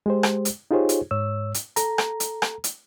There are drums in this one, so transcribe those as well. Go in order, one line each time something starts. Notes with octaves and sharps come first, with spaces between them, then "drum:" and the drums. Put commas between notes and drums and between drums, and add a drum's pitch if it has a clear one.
G#3 G4 C5
drum: rim click
drum: hi-hat
D#4 F4 G4 G#4 C5 C#5
drum: hi-hat
G#2 C#5 E6
drum: hi-hat
A4 A#5, drum: hi-hat
drum: rim click
drum: hi-hat
drum: rim click
drum: hi-hat